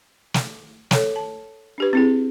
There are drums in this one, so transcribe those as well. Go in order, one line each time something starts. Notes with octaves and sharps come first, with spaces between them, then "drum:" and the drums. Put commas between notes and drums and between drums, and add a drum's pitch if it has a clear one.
drum: snare
A4 C#5, drum: snare
A5
D4 G4 B4
C4 E4 G#4